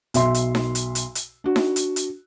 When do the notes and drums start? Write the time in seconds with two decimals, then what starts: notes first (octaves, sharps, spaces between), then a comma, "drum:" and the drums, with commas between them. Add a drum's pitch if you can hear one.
0.14 B1 E5 C6, drum: hi-hat
0.34 drum: hi-hat
0.55 drum: snare D#4
0.75 drum: hi-hat
0.95 drum: hi-hat
1.15 drum: hi-hat
1.44 D4 F#4
1.56 drum: snare D#4
1.76 drum: hi-hat
1.96 drum: hi-hat